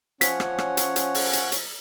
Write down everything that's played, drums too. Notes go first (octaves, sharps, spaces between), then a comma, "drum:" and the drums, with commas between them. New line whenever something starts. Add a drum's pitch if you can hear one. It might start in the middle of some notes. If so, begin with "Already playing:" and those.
F3 C#4 C#5 F#5 B6, drum: hi-hat
drum: rim click
drum: rim click
drum: hi-hat
drum: hi-hat
drum: open hi-hat
drum: hi-hat
drum: hi-hat